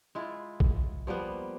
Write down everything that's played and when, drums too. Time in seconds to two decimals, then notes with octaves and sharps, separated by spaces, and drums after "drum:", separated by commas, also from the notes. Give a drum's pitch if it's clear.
0.15 G#3 E4 F4
0.60 drum: kick A#1
1.07 F3 G3 A#3 B3